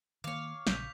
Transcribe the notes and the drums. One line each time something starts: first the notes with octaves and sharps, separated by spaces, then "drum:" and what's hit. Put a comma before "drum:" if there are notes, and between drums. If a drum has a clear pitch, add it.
D#3 A#3 C#5 F5 D6
A#1 C#3 G6 B6 F7, drum: snare